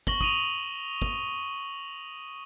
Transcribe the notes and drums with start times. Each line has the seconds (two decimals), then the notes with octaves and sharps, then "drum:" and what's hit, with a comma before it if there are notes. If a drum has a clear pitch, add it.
0.07 C#6 A#6 F#7 G7, drum: kick
0.21 D#6 D#7 F7, drum: kick
1.02 drum: kick